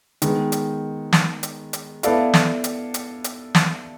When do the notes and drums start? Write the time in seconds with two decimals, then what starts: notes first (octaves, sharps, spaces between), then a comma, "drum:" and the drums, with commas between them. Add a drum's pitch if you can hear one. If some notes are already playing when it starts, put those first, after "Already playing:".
0.22 D#3 G#3 B3, drum: hi-hat
0.52 drum: hi-hat
1.13 drum: snare
1.43 drum: hi-hat
1.73 drum: hi-hat
2.03 B3 E4 A4 D5 F5, drum: hi-hat
2.34 drum: snare
2.64 drum: hi-hat
2.94 drum: hi-hat
3.24 drum: hi-hat
3.55 drum: snare